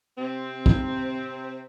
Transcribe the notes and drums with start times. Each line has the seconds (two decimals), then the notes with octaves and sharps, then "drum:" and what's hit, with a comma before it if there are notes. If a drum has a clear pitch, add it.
0.18 C3 C4
0.66 drum: kick